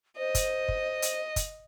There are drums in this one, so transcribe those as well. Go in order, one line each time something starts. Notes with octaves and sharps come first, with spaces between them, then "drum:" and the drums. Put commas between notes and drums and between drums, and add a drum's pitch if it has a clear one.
C5 D#5
drum: kick, hi-hat
drum: kick
drum: hi-hat
drum: kick, hi-hat